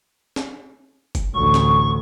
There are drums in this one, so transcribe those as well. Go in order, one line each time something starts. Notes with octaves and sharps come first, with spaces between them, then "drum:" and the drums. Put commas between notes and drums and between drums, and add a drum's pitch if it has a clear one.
drum: snare
drum: kick, hi-hat
A1 D2 C#6
drum: snare